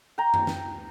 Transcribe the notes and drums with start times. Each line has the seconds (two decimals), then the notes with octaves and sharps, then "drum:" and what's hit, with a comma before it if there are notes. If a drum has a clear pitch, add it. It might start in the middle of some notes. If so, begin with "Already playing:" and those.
0.18 G5 A#5
0.34 drum: tom
0.47 drum: snare